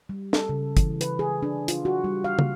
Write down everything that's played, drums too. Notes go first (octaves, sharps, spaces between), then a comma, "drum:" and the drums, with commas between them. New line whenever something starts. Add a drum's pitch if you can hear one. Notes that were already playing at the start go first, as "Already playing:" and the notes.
G3
A4, drum: snare
C#3
E3, drum: kick, hi-hat
B4, drum: hi-hat
G#4
D4
F4, drum: hi-hat
F#4
G3
F5
drum: tom